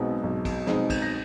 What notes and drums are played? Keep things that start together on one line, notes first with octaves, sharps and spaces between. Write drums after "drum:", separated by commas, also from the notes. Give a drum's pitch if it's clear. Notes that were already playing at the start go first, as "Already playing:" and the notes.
Already playing: B1 B2 G#3 C4 D#4
B1
drum: kick, cymbal
B2 G#3 C4 D#4, drum: snare
drum: kick, cymbal
A#6